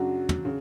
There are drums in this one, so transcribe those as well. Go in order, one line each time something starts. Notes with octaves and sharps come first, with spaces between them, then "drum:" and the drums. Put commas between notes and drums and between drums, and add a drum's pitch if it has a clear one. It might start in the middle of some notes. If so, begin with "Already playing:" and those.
Already playing: F#2 C#3 F#3 D4 F#4
drum: tom
C#3